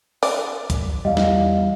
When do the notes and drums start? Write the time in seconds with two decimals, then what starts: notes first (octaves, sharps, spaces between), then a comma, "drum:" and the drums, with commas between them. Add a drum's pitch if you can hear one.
0.23 D5, drum: open hi-hat
0.70 drum: kick, hi-hat
1.05 E2 G3 D#5 F5
1.17 drum: snare